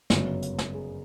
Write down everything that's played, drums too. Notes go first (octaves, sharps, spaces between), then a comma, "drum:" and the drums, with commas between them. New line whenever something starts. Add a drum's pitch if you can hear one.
G1 F#2 C#3 F#3 B4, drum: snare
drum: hi-hat
drum: snare
G#4